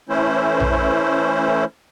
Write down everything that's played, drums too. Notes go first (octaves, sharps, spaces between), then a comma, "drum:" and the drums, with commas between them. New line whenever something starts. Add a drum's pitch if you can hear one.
E3 A3 C#4 E4 C5
drum: tom A#1